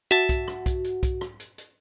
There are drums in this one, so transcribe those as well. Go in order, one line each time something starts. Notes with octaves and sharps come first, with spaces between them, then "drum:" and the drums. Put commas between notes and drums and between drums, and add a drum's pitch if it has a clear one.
F#4 E5 A5
drum: kick B1, hi-hat
drum: rim click
drum: kick B1, hi-hat
drum: hi-hat
drum: kick B1, hi-hat
drum: rim click
drum: hi-hat
drum: hi-hat